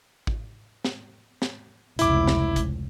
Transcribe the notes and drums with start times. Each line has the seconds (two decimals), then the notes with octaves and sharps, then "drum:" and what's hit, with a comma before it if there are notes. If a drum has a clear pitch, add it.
0.27 drum: kick G#1
0.85 drum: snare
1.42 drum: snare
1.99 F1 C#2 E4 D6, drum: hi-hat
2.28 drum: snare
2.56 drum: kick G#1, hi-hat